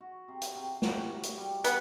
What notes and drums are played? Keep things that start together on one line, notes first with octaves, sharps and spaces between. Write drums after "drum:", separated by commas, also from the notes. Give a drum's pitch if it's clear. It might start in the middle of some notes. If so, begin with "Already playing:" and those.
F#4
C3
drum: hi-hat
C3
F#4, drum: snare
F#4
drum: hi-hat
G3
E3 B3, drum: hi-hat